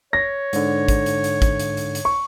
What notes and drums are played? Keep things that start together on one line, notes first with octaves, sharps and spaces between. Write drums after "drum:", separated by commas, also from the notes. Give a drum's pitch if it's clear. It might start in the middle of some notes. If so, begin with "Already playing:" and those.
C#5 A#6
G#2 D3, drum: hi-hat
drum: kick, hi-hat
drum: hi-hat
drum: hi-hat
drum: kick, hi-hat
drum: hi-hat
drum: hi-hat
drum: hi-hat
C#6